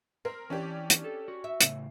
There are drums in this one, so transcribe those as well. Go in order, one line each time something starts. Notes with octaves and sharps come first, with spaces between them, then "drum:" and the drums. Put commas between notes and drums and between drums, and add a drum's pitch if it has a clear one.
C4 A#4
E3 C#4 D4 G4
drum: hi-hat
A4
F#4
E5
A2 C#3, drum: hi-hat